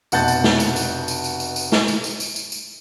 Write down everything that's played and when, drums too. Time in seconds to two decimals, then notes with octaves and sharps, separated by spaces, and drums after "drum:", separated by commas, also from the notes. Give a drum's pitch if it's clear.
0.12 F1 B2 F#5 A5 G6 A6, drum: tambourine
0.28 drum: tambourine
0.44 drum: snare
0.60 drum: tambourine
0.76 drum: tambourine
1.08 drum: tambourine
1.24 drum: tambourine
1.40 drum: tambourine
1.56 drum: tambourine
1.72 drum: snare
1.88 drum: tambourine
2.04 drum: tambourine
2.20 drum: tambourine
2.36 drum: tambourine
2.52 drum: tambourine